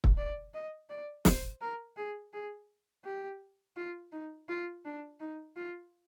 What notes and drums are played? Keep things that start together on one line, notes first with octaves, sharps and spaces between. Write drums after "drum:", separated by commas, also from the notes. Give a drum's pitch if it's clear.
drum: kick
D5
D#5
D5
C5, drum: snare
A#4
G#4
G#4
G4
F4
D#4
F4
D4
D#4
F4